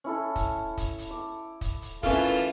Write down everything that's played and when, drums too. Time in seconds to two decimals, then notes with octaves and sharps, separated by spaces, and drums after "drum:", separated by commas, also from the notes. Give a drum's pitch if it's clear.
0.04 C#4 E4 A4
0.36 drum: kick, hi-hat
0.78 drum: kick, hi-hat
0.98 drum: hi-hat
1.11 D6
1.61 drum: kick, hi-hat
1.82 drum: hi-hat
2.03 E3 A3 C#4 F4 A#4, drum: kick, hi-hat